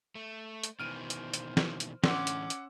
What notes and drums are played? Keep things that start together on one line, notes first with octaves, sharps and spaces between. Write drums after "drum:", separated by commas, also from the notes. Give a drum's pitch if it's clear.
A3
drum: hi-hat
B2 D#3 E3 C5 F6 D7 D#7
drum: hi-hat
drum: hi-hat
drum: snare
drum: hi-hat
A2 D3 E3 C#4 F#5 C6 D6 E6, drum: snare
drum: hi-hat
drum: hi-hat